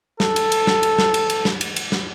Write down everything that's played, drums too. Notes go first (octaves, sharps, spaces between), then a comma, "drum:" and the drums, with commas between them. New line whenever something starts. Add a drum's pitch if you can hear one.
A4, drum: snare
drum: cymbal
drum: cymbal
drum: snare
drum: cymbal
drum: snare
drum: cymbal
drum: cymbal
drum: snare
drum: cymbal
drum: cymbal
drum: snare